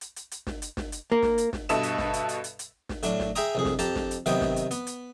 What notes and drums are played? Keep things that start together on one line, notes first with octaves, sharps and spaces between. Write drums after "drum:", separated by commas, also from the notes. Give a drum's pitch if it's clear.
drum: hi-hat
drum: hi-hat
drum: hi-hat
drum: snare
drum: hi-hat
drum: snare
drum: hi-hat
A#3
drum: snare
drum: hi-hat
drum: snare
G2 B2 A4 D#5 E5 E7, drum: hi-hat
drum: hi-hat
drum: snare
drum: hi-hat
drum: hi-hat
drum: hi-hat
drum: hi-hat
drum: snare
A2 F#3 D4, drum: hi-hat
drum: snare
G#4 E5 G5 G#5 A#5 D#6, drum: hi-hat
C2 F2 G#4
drum: snare
F2 G4 A5 A#5, drum: hi-hat
drum: snare
drum: hi-hat
C3 D#3 F#3 B3 G5 D#6, drum: hi-hat
drum: snare
drum: hi-hat
B3, drum: hi-hat
drum: hi-hat